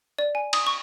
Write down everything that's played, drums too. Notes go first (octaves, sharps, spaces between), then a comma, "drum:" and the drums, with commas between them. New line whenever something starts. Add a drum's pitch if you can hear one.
D5
G#5
D#6, drum: cymbal
C#6